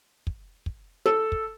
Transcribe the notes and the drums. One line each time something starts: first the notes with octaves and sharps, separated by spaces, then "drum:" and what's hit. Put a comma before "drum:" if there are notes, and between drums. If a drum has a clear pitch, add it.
drum: kick
drum: kick
A4, drum: snare
drum: kick